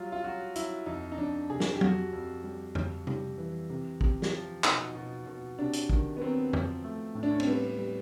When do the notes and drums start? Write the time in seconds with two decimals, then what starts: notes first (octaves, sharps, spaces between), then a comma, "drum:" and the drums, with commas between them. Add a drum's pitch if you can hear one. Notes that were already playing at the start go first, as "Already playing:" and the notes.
Already playing: F#3 G3 F4
0.12 F4
0.24 F#3 F#4
0.56 F#3 E4, drum: hi-hat
0.86 F2 D#4
1.12 D#4
1.18 F2 D4
1.50 C3 G#4
1.60 drum: snare
1.76 G4
1.81 F2 F#4, drum: tom F#3
2.13 F2
2.44 G3
2.75 F2, drum: tom F2
3.07 G3, drum: tom C3
3.38 E3
3.70 C3
4.01 C3, drum: kick
4.22 drum: snare
4.32 F3
4.64 B2 D#4, drum: clap
4.95 B2
5.26 B2
5.59 C3 D4
5.73 drum: hi-hat
5.90 D#3, drum: kick
6.17 B3
6.22 F#3 C4
6.53 F3, drum: tom F2
6.84 A3
7.15 A2
7.23 D4
7.31 C#4
7.40 C4, drum: cymbal
7.47 G3 B3
7.78 G3